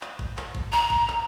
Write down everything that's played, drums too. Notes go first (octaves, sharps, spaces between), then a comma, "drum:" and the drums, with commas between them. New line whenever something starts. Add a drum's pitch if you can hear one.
drum: clap
drum: kick G#1
drum: clap
drum: kick G#1
A#5, drum: clap
drum: kick G#1
drum: clap